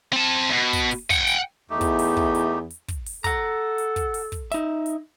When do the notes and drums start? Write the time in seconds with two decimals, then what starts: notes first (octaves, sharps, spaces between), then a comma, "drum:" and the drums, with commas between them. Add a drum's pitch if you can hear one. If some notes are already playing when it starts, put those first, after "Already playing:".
0.13 C4 A5
0.50 E2 B2
0.73 drum: kick, hi-hat
0.91 drum: open hi-hat
1.10 F#5 G5, drum: kick, hi-hat
1.27 drum: hi-hat
1.70 E2 A3 D#4 G4
1.81 drum: kick, hi-hat
1.99 drum: open hi-hat
2.17 drum: kick
2.35 drum: hi-hat
2.70 drum: hi-hat
2.88 drum: kick, hi-hat
3.06 drum: open hi-hat
3.24 A4 F#5 A#5, drum: kick, hi-hat
3.78 drum: hi-hat
3.96 drum: kick, hi-hat
4.14 drum: open hi-hat
4.32 drum: kick, hi-hat
4.52 D#4 E5, drum: hi-hat
4.86 drum: hi-hat